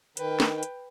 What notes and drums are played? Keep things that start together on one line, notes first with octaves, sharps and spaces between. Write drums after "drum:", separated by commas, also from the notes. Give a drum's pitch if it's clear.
D#3 B4 G5, drum: hi-hat
drum: snare
drum: hi-hat